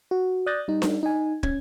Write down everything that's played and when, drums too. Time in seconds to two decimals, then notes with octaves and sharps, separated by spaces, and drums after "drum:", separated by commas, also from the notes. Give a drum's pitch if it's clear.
0.11 F#4
0.46 D5 D#6 F#6 G6 A6 A#6
0.68 G3 D#4
0.82 drum: snare D4
1.03 D#4 G#5
1.43 C#4 G#6, drum: kick